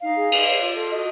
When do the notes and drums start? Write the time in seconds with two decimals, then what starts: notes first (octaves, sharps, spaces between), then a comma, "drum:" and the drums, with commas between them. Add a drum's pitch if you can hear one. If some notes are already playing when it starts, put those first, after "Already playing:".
0.02 D#4 F5
0.16 G#4
0.32 B4, drum: cymbal
0.46 C#5
0.61 F4
0.76 A4
0.91 F#4 D#5